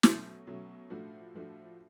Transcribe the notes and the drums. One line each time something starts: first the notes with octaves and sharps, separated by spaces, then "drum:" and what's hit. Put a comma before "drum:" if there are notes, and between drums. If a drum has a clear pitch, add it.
B2 F#3 A3 C#4, drum: snare
B2 F#3 A3 C#4
A2 F3 A3 D4 F#4
A2 F3 A3 D4 F#4